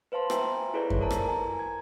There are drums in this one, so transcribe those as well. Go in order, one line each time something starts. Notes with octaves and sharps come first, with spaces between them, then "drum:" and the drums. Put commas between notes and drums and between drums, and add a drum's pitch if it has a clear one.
B4 C5 F5 A5 C6
C5 E5 G5 G#5 A#5, drum: rim click
E4 G#4 A4 B4 C#5 D5
drum: kick F#2
A#4 C5 A5 A#5
drum: rim click
G#5 A#5
G#6